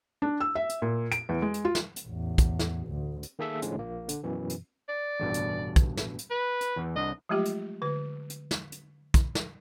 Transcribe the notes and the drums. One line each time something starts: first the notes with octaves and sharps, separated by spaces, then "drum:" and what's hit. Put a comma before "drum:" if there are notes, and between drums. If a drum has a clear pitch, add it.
D4
E6
E5
drum: hi-hat
A#2
D7, drum: hi-hat
E2
G#3
drum: hi-hat
F4
drum: snare
drum: hi-hat
A1 E2
drum: kick, hi-hat
drum: snare
D2
drum: hi-hat
D#3 A#3 G#4 A4 E5 E6
A2 D3 F3 G#3 C#4, drum: hi-hat
A#1 A#2 A#3
D3, drum: hi-hat
F#2 B2 E3
drum: hi-hat
D5
A1 G2 B2
drum: hi-hat
drum: kick, hi-hat
drum: snare
drum: hi-hat
B4
drum: hi-hat
E2 E3
C2 D4 D#5 F#5
F3 F#3 G#3 A3 F4 G4
drum: hi-hat
D3 B4
drum: hi-hat
drum: snare
drum: hi-hat
drum: kick, hi-hat
drum: snare